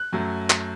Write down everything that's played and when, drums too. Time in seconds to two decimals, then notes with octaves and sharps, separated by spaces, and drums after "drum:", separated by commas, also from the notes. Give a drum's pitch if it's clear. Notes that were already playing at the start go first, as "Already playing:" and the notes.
Already playing: F#6
0.13 F#2 F#3 A3
0.50 drum: clap